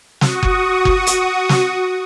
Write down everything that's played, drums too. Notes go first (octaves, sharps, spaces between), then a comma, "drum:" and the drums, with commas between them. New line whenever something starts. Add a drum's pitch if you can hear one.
F#4 C#6 D#6, drum: snare
drum: kick F#1
drum: kick F#1
drum: hi-hat
drum: snare